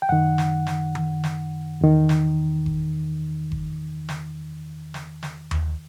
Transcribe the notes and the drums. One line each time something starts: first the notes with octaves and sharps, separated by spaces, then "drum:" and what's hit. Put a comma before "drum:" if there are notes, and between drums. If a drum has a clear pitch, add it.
G5
F#2 D#3 F#5
drum: snare
drum: snare
drum: tom D#3
drum: snare
E2 D#3
drum: snare
drum: kick F#1
drum: kick F#1
drum: snare
drum: snare
drum: snare
drum: tom D#2